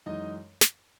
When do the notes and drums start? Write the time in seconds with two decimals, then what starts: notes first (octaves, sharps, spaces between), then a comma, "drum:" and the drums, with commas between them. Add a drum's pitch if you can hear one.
0.06 F#2 E3 G#3 D#4 D#5
0.61 drum: snare